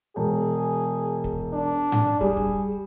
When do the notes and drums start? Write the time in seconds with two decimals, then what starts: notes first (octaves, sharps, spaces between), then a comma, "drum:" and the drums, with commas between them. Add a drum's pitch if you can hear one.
0.16 E1 G#4
1.24 drum: kick
1.53 D4
1.92 drum: tom G#2
2.21 G3 G#4, drum: kick
2.37 drum: kick